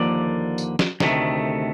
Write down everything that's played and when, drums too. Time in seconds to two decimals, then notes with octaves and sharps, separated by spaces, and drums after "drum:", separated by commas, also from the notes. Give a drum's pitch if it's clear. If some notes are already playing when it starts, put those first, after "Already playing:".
Already playing: D#2 D3 F3 A#3 D5
0.58 drum: tambourine
0.79 drum: snare
1.00 D2 C3 D#3 A3, drum: snare